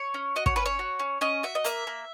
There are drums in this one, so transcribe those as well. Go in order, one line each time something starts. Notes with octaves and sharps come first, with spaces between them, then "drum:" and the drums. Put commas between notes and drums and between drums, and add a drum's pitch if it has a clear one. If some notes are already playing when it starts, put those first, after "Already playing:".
Already playing: C#5
C#4
F#4 D#5
C#5, drum: kick
C#4 B4
C#5
F#4
C#4
C#4 D#5
F#4 E5
D#5
A#3 E5, drum: hi-hat
A#3